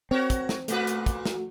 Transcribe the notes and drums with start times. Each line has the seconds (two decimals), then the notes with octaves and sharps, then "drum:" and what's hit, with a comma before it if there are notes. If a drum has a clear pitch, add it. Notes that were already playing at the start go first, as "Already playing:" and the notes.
0.11 C4 F#4 A#4 C#5
0.30 drum: kick, hi-hat
0.49 drum: snare
0.68 A#2 A3 A#3 F#4 B4, drum: hi-hat
0.87 drum: hi-hat
1.06 drum: kick, hi-hat
1.26 drum: snare